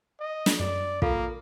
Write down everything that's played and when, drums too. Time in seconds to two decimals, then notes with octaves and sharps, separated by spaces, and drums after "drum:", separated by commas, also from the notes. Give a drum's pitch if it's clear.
0.20 D#5
0.46 drum: snare
0.60 F#2 D5
1.02 A#3 F4 A4 F5, drum: kick